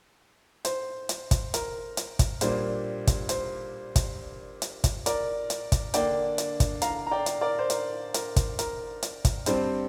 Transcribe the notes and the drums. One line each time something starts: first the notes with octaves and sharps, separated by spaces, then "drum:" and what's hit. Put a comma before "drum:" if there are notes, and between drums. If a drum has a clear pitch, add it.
C5, drum: hi-hat
drum: hi-hat
drum: kick, hi-hat
A#4, drum: hi-hat
drum: hi-hat
drum: kick, hi-hat
A#2 G3 A#3 D4 C5, drum: hi-hat
drum: kick, hi-hat
C5, drum: hi-hat
drum: kick, hi-hat
drum: hi-hat
drum: kick, hi-hat
A#4 D5, drum: hi-hat
drum: hi-hat
drum: kick, hi-hat
D3 A#3 D4 D5 G5, drum: hi-hat
drum: hi-hat
drum: kick, hi-hat
F5 A#5, drum: hi-hat
A#5
D5 G5
drum: hi-hat
A#4 D5
C5
A#4, drum: hi-hat
A#4, drum: hi-hat
drum: kick, hi-hat
A#4, drum: hi-hat
drum: hi-hat
drum: kick, hi-hat
G2 G3 C4 C5, drum: hi-hat